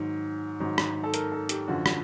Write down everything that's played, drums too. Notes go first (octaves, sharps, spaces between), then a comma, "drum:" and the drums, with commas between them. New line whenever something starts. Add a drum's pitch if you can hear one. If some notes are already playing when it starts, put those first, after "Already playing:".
Already playing: G#2 D#3 F#3
G#2 D#3 F#3
drum: rim click
A4
A#4, drum: hi-hat
A4
G4, drum: hi-hat
F#2 D3 F3 F#4
drum: rim click